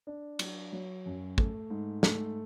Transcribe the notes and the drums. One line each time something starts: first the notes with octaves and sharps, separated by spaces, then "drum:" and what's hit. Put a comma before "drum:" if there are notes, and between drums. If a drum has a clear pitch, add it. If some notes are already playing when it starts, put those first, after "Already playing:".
D4
F#3, drum: cymbal
F#3
F#2
A3, drum: kick
G#2
A3, drum: snare